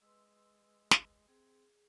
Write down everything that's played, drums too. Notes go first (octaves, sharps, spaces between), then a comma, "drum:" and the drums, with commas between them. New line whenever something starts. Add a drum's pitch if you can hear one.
G#3 B4 C6 E6
drum: snare
C4 G#4